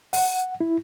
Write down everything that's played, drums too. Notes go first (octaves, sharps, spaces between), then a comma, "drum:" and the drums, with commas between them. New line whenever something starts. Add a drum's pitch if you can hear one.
F#5, drum: open hi-hat
E4